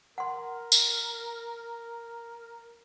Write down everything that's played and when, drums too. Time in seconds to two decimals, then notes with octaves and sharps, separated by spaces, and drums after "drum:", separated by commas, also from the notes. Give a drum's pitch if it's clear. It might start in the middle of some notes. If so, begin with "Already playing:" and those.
0.18 A#4 F#5 C6
0.72 drum: tambourine